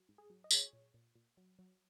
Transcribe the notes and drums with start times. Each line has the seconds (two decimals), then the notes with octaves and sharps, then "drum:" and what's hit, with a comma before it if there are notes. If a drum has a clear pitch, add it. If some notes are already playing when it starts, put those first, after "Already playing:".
Already playing: F#3
0.09 G#2
0.18 G#4
0.30 F#3
0.44 D#5
0.51 F#3 G#4 C#5, drum: tambourine
0.73 A#2
0.94 A#2
1.15 A#2
1.37 F#3
1.59 F#3